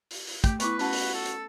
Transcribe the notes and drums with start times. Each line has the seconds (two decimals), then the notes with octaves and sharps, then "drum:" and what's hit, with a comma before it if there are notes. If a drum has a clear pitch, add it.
0.11 drum: open hi-hat
0.27 drum: open hi-hat
0.44 A3 G4, drum: kick, hi-hat
0.60 B3 E4 B4 C#6, drum: hi-hat
0.79 C#4 F#4 A5, drum: open hi-hat
0.93 drum: open hi-hat
1.14 A4
1.26 drum: hi-hat